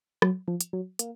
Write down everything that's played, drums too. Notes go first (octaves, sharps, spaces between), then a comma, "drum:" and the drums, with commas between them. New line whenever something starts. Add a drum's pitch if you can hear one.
F#3, drum: rim click
F3
drum: hi-hat
F#3
A#3, drum: hi-hat